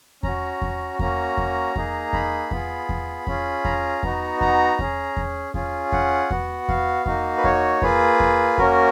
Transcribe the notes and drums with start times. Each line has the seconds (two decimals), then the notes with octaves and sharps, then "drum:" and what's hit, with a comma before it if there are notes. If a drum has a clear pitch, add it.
0.23 C#4 F#4 A#5, drum: kick E2
0.62 drum: kick E2
0.99 A#3 C#4 F#4 A#5, drum: kick E2
1.37 drum: kick E2
1.76 A#3 D#4 G#4, drum: kick E2
2.13 B5, drum: kick E2
2.51 B3 F4 G#4, drum: kick E2
2.89 drum: kick E2
3.27 C#4 F4 G#4, drum: kick E2
3.65 A#5, drum: kick E2
4.03 B3 D#4 F#4, drum: kick E2
4.41 A#5, drum: kick E2
4.79 C#4 G#4, drum: kick E2
5.17 drum: kick E2
5.54 C#4 F4 G#4, drum: kick E2
5.92 F#5, drum: kick E2
6.31 B3 F#4, drum: kick E2
6.69 F5, drum: kick E2
7.06 A#3 D#4 F#4, drum: kick E2
7.37 B4
7.44 C#5, drum: kick E2
7.82 A#3 F4 G#4 B4, drum: kick E2
8.20 drum: kick E2
8.58 A#3 C#4 F#4 A#4, drum: kick E2